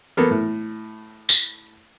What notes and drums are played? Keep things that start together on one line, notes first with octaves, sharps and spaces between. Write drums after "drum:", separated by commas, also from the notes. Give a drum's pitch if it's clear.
A#3 B3 A4
A2
drum: tambourine